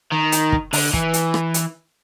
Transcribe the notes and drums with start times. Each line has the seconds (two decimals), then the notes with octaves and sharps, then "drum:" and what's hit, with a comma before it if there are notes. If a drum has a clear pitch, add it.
0.12 D#3
0.32 drum: hi-hat
0.53 drum: kick
0.73 D3, drum: open hi-hat
0.93 E3, drum: kick
1.13 drum: hi-hat
1.34 drum: rim click
1.54 drum: hi-hat